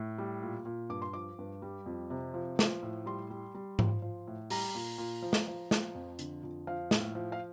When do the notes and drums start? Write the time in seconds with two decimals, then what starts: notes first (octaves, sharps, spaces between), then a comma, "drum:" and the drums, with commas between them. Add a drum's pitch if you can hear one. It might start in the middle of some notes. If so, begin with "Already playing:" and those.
Already playing: A2
0.18 G3
0.42 A#2
0.66 A#2
0.89 G2 D6
1.02 C6
1.13 F3 D6
1.39 G2
1.62 G3
1.86 F2
2.10 C3
2.34 F3
2.59 F3, drum: snare
2.83 A2
3.06 G3 C6
3.30 G3
3.54 G3
3.79 F3, drum: tom G#2
4.02 F3
4.27 A2
4.50 G3 A#5, drum: open hi-hat
4.75 A#2
4.98 A#2
5.22 F3
5.33 drum: snare
5.47 F3
5.71 F3, drum: snare
5.95 F2
6.19 D3, drum: hi-hat
6.43 F2
6.67 F3 F5
6.91 A2, drum: snare
7.15 F3
7.32 F5